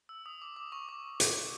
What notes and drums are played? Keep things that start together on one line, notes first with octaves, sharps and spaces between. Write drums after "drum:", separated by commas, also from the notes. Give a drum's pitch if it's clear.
E6
D#6
D6
D6
C#6
D6
drum: hi-hat